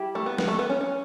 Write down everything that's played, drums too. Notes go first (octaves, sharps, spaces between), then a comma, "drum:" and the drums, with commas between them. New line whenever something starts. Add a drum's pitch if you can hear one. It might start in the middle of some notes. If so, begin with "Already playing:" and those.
Already playing: G3 E4 G4
A3
B3
B3, drum: snare
A3
B3
C#4
C#4